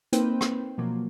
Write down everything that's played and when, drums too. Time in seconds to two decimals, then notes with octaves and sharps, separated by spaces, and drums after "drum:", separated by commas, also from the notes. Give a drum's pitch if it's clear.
0.13 A#3 C4 D#4 B4 C5 G5, drum: hi-hat
0.41 drum: rim click
0.78 B2 F3 F#3 A#3